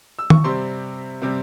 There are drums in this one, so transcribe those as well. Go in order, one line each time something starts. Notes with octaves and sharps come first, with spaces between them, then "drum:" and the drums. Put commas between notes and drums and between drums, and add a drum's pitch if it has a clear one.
E6
C#6, drum: tom D#3
C3 G3 C4 C6
C3 G3 C4